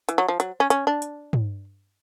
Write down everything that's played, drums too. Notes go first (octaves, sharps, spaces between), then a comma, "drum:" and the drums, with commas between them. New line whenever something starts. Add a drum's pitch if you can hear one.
E3, drum: hi-hat
F#3
F3
F#3, drum: hi-hat
C#4
C#4, drum: hi-hat
D4
drum: hi-hat
drum: tom